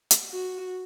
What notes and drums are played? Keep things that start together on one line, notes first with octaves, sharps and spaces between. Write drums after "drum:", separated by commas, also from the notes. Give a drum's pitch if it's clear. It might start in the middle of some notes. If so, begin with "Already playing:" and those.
drum: hi-hat
F#4